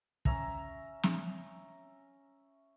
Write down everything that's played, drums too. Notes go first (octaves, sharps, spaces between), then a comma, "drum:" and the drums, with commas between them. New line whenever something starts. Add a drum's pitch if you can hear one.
C#4 E5 A#5, drum: kick
drum: snare